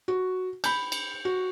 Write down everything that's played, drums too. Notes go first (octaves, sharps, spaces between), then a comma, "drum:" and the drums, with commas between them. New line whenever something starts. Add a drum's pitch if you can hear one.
F#4
B5 G6, drum: cymbal
drum: cymbal
F#4